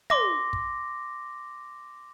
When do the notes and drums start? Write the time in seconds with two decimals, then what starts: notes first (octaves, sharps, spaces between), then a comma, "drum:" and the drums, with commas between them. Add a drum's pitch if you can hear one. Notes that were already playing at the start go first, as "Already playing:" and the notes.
0.10 C6 D6 A#6, drum: tom
0.53 drum: kick